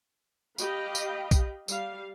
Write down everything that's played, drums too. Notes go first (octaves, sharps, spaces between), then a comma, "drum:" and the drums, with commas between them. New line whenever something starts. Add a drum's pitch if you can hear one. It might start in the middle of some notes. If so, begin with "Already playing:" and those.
G4 D#5 F5 G5 B5, drum: tambourine
drum: tambourine
drum: kick A#1, tambourine
G3 F5, drum: tambourine